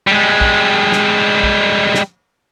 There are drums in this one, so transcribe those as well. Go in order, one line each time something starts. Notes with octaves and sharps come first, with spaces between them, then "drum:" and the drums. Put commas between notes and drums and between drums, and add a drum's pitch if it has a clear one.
G3 G#3
drum: kick
drum: snare
drum: kick
drum: snare